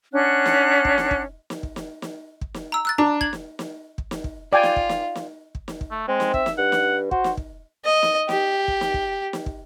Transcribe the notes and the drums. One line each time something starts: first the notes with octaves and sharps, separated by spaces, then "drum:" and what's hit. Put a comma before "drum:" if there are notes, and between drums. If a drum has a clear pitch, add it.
C#4 D4 F#5 F#6
drum: snare
drum: kick
drum: snare
drum: kick
drum: snare
drum: kick
drum: snare
drum: snare
drum: kick
drum: snare
A#5 E6
E6 F#6 A6
D4 A#5
G#6 F#7, drum: kick
drum: snare
drum: snare
drum: kick
drum: snare
drum: kick
F4 D5 G5 G#5
drum: snare
drum: kick
drum: snare
drum: snare
drum: kick
drum: snare
drum: kick
A3
G#3 C4
drum: snare
E5, drum: kick
drum: snare
G2 F#5
drum: snare
F#4 C5, drum: kick
drum: snare
drum: kick
D#5
drum: snare
G4, drum: snare
drum: kick
drum: snare
drum: kick
drum: snare
drum: kick